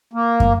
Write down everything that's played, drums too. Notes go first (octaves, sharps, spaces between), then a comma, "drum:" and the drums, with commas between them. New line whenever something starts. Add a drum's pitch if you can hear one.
A#3
drum: kick